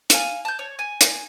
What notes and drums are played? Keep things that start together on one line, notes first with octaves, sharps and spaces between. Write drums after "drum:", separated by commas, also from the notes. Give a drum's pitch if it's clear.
F5 G#5, drum: hi-hat
A5 G6
C#5
G#5
drum: hi-hat